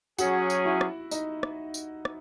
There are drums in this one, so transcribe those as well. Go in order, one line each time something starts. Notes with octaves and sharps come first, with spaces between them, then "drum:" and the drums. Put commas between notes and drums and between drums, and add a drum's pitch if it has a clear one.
F#3 C#4 F#4 G#4 F#5, drum: tambourine
drum: tambourine
E4 E5
drum: rim click
D#4 D#5, drum: tambourine
drum: rim click
drum: tambourine
drum: rim click